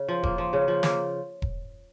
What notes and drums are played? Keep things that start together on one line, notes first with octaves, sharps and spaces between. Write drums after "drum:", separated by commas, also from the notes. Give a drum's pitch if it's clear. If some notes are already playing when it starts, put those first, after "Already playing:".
Already playing: C#3
F3
A#3, drum: kick E1
F3
C#3
F3
A#3, drum: snare
drum: kick E1